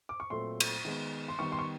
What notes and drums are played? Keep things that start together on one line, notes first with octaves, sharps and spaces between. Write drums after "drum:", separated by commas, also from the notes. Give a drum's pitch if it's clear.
D6
C#6
A#2 F#3 A3 C4 C6
drum: cymbal
D#3 G#3 B3
C6
D#3 G3 B3 C#6
C6
C#6